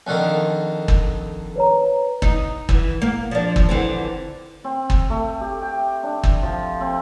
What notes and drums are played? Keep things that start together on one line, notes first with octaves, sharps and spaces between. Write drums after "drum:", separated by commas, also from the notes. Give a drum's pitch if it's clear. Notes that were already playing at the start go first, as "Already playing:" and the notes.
F2 D3 D#3
drum: kick
B4 C#5 A#5
D#4, drum: kick
E3, drum: kick
A#3
F3 D4
drum: kick
D3 E3 C4
C4
drum: kick
A3
G4
G5
D4
drum: kick
F3
C4